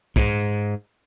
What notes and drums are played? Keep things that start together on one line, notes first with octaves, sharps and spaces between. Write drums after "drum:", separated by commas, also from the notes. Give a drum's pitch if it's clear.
G#2, drum: kick